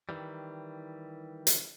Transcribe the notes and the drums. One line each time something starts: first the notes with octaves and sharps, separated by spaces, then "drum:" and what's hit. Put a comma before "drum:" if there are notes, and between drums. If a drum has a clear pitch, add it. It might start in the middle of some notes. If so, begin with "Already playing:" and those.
D#3 E3 G3
drum: hi-hat